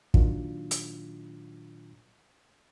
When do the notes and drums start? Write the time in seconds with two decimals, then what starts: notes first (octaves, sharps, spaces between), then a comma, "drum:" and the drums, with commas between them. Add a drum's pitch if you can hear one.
0.14 A#2 D#3 F#3 D4 F4, drum: kick
0.71 drum: hi-hat